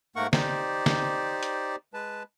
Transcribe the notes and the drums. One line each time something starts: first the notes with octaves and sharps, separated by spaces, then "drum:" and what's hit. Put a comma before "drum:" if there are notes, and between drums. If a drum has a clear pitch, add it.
G#2 A3 A#3 A#4 F#5 C#6
D#4 G4 C5 D5, drum: snare
drum: snare
drum: hi-hat
G#3 B4 A5